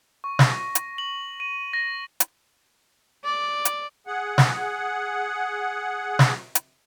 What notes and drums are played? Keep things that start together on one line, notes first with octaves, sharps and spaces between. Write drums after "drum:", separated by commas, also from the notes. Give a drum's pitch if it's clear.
C#6
A#6, drum: snare
drum: hi-hat
F#7
D#7
A#6
drum: hi-hat
D5
drum: hi-hat
G#4 F#5
drum: snare
drum: snare
drum: hi-hat